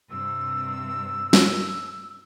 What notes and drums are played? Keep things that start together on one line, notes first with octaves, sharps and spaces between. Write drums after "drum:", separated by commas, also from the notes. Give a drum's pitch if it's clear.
G2 C3 E6
drum: snare